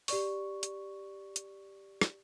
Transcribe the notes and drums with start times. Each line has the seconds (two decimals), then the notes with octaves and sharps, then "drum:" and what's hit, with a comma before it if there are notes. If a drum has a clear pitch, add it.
0.08 G4 D5 C#6, drum: open hi-hat
0.63 drum: hi-hat
1.36 drum: hi-hat
2.01 drum: rim click